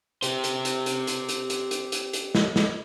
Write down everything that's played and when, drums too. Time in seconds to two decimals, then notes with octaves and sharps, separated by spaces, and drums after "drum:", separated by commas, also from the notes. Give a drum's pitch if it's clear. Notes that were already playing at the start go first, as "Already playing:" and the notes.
0.22 G4 C5, drum: hi-hat
0.44 drum: hi-hat
0.65 drum: hi-hat
0.86 drum: hi-hat
1.07 drum: hi-hat
1.29 drum: hi-hat
1.50 drum: hi-hat
1.71 drum: hi-hat
1.92 drum: hi-hat
2.13 drum: hi-hat
2.35 drum: snare
2.56 drum: snare